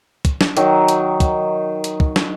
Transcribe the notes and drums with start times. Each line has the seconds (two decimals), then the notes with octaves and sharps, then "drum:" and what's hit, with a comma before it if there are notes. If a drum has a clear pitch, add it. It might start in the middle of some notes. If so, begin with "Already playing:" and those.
0.25 drum: kick, hi-hat
0.41 drum: snare
0.57 D#3 F#3, drum: hi-hat
0.88 drum: hi-hat
1.20 drum: kick, hi-hat
1.84 drum: hi-hat
2.00 drum: kick
2.16 drum: snare